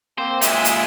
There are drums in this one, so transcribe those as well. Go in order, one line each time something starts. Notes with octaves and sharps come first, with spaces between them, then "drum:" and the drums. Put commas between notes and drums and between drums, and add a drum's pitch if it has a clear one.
A#3 C4 C5
A#2 G#3 E5 G#5, drum: hi-hat
drum: hi-hat